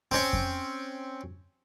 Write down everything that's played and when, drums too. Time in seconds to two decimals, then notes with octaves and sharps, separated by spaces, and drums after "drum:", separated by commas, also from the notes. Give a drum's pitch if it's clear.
0.11 C4 C#4
0.33 drum: kick F2